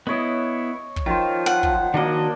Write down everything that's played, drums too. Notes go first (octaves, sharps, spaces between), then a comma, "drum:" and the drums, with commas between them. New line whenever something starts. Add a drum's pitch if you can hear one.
B3 E4 C#5 D#5
drum: kick
D#3 F3 F4 C5
F#5
drum: kick
D#3 A#3 D4 F#4 D#5